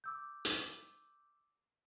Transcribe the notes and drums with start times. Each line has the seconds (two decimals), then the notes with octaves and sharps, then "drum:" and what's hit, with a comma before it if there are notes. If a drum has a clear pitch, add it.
0.04 D6 E6 G6
0.45 drum: hi-hat